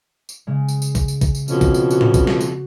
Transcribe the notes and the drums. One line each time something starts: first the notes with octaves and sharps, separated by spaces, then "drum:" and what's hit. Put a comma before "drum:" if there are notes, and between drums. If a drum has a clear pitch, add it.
drum: tambourine
C#3 G#3
drum: tambourine
drum: tambourine
drum: kick, tambourine
drum: tambourine
drum: kick, tambourine
drum: tambourine
F2 B2 C#4, drum: tambourine
drum: kick, tambourine
drum: tambourine
F#4 C#6, drum: tambourine
drum: tom A2
drum: kick, tambourine
drum: snare
drum: tambourine